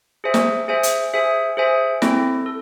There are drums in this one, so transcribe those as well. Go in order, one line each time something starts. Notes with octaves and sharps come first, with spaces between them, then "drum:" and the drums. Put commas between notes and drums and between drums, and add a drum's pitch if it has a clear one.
G#4 C5 E5 G#5
drum: snare
G#4 C5 E5 G#5
drum: hi-hat
G#4 C5 E5 G#5
G#4 C5 E5 G#5
C4 E4 A4, drum: snare
A4